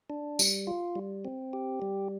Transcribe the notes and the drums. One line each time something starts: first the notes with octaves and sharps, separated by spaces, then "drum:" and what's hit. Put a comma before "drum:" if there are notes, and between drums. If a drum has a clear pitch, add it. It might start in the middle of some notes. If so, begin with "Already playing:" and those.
D4
G3, drum: tambourine
F4
G3
C4
G4
G3